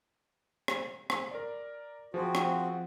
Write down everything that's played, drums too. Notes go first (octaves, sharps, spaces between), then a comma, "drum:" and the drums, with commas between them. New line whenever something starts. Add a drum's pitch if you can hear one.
drum: rim click
drum: rim click
A#4 D5
F3 C4 F#4 G#4
drum: rim click